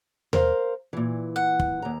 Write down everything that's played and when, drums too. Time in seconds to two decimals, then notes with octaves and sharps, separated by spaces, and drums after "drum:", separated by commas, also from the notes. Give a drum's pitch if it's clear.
0.33 A#4 C5 F5, drum: tom D#2
0.93 A#2 E3
1.36 F#5
1.59 drum: kick
1.82 D#2 A#5